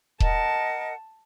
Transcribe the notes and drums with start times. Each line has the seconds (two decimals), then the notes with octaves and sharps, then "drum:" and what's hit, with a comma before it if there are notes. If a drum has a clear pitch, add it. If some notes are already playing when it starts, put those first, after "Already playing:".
0.20 A#4 D#5 F#5 A5, drum: kick D#1